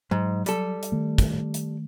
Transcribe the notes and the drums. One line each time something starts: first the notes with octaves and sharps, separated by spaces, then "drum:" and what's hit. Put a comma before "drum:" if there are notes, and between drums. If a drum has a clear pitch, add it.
G#2 F#3
G3 A4, drum: hi-hat
drum: hi-hat
D#3 A3
drum: kick, hi-hat
drum: hi-hat